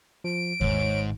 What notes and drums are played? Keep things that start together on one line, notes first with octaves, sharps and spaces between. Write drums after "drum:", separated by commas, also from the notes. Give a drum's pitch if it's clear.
F3 D7
G#1 G#2 C#5, drum: kick D#2